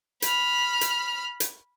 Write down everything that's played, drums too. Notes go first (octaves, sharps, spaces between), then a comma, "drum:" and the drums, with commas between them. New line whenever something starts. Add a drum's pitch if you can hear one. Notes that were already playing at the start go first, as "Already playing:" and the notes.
B5 F6, drum: hi-hat
drum: hi-hat
drum: hi-hat